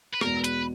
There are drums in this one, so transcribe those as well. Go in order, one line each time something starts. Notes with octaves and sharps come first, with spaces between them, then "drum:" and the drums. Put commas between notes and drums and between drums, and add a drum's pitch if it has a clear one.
B4
E2 B2 G#3 A#4, drum: rim click
B4, drum: hi-hat